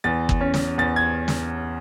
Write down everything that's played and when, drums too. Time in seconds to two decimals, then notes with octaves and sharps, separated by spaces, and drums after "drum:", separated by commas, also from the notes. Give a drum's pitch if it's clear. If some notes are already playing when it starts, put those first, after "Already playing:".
0.04 E2 A6
0.29 drum: kick
0.41 C#4
0.54 drum: snare
0.78 E2 A6
0.96 G#6
1.28 drum: snare